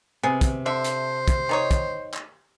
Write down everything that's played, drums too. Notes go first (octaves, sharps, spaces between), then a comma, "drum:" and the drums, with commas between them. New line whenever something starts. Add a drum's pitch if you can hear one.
C3 B3 G#4
drum: kick, hi-hat
D3 C5 E5
drum: hi-hat
drum: kick, hi-hat
D#3 D#4 C#5
drum: kick, hi-hat
drum: clap